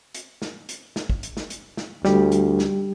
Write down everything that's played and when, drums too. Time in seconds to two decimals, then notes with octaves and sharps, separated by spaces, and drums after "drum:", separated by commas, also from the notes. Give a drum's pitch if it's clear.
0.14 drum: hi-hat
0.42 drum: snare
0.69 drum: hi-hat
0.96 drum: snare
1.10 drum: kick
1.23 drum: hi-hat
1.37 drum: snare
1.50 drum: hi-hat
1.77 drum: snare
2.05 D2 G3 G4, drum: snare
2.32 drum: hi-hat
2.59 drum: snare